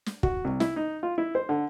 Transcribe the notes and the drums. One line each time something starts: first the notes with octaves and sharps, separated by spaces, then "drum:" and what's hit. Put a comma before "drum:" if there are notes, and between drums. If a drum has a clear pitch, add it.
drum: snare
F#4, drum: kick
C2
E4, drum: snare
D#4
F4
E4
C5
D3